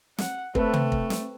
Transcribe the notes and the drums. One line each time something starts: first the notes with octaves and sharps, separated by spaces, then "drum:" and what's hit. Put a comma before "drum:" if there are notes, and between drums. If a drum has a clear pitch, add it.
F#5, drum: snare
A3 C4 A4 B4, drum: kick
drum: tom
drum: kick
drum: snare